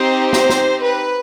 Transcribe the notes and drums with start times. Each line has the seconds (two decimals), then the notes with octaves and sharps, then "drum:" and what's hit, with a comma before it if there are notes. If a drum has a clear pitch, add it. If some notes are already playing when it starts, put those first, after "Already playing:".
Already playing: C4 D#4 G4 C5
0.33 C5, drum: snare
0.50 drum: snare
0.83 B4